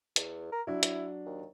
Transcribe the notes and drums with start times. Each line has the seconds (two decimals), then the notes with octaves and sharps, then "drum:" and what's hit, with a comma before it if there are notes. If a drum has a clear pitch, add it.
0.16 E2, drum: hi-hat
0.52 A#4
0.67 F#3 D4 E4
0.83 drum: hi-hat
1.26 D#2